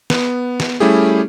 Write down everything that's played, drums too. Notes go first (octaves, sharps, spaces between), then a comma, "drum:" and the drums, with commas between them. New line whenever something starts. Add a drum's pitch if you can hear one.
B3, drum: snare
drum: snare
G3 A3 C#4 E4 G4 G#4